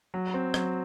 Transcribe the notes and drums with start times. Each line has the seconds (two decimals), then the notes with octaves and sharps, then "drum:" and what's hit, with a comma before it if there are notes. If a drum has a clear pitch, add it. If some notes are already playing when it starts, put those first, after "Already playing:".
0.14 F#3
0.34 C4
0.54 F#3, drum: rim click